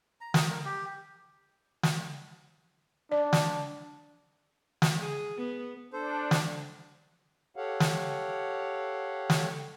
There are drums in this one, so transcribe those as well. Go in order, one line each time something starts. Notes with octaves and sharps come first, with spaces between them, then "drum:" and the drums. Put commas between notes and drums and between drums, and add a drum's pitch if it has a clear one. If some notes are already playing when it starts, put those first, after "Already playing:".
A#5
A#4 D#6, drum: snare
A#4
G4
drum: snare
D4 D5
drum: snare
drum: snare
G#4
B3
D4 A4 C5
drum: snare
G4 A4 C#5 F5 F#5
drum: snare
drum: snare